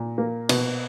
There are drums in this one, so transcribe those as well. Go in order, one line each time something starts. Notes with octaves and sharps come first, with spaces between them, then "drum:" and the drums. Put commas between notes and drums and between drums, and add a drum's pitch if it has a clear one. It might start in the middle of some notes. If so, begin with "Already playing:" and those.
Already playing: A#2
A#3
B2, drum: cymbal